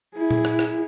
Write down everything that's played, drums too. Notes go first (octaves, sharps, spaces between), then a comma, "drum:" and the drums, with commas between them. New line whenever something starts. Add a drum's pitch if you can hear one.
E4 G#4
drum: tom A#2
drum: rim click
drum: rim click